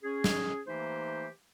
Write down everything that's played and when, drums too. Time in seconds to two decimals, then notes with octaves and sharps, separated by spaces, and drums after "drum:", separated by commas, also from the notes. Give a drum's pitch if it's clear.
0.03 C#4 G#4
0.24 drum: snare
0.67 E3 A3 A#3 D#4 G4 C5